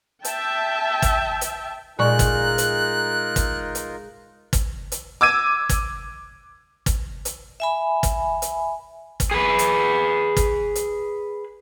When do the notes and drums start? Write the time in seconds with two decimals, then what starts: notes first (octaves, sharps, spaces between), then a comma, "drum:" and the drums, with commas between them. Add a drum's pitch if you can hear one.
0.25 E5 G5 A5, drum: hi-hat
1.02 drum: kick, hi-hat
1.41 drum: hi-hat
1.99 A#2 G#3 D#4 F4 A#4 D5 C#6 F#6
2.19 drum: kick, hi-hat
2.58 drum: hi-hat
3.36 drum: kick, hi-hat
3.75 drum: hi-hat
4.53 drum: kick, hi-hat
4.92 drum: hi-hat
5.21 D6 E6 G#6 D#7
5.69 drum: kick, hi-hat
6.86 drum: kick, hi-hat
7.25 drum: hi-hat
7.60 E5 G#5 B5
8.03 drum: kick, hi-hat
8.42 drum: hi-hat
9.20 drum: kick, hi-hat
9.31 G#4 B4
9.59 drum: hi-hat
10.37 drum: kick, hi-hat
10.75 drum: hi-hat